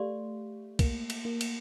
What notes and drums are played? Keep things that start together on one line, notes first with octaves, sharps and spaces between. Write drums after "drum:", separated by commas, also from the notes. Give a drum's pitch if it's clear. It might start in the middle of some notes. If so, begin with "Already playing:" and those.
Already playing: A3 G4 D5 F5 C6
A#3, drum: kick C2, cymbal
drum: cymbal
A#3
drum: cymbal